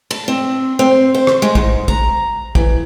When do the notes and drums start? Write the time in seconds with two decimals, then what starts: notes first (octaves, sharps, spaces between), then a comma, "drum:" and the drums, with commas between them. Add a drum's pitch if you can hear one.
0.11 A5, drum: cymbal
0.28 C4
0.79 C4
1.15 C5
1.27 drum: rim click
1.42 G#3
1.55 G#2, drum: kick
1.88 A#5, drum: kick
2.55 E3, drum: kick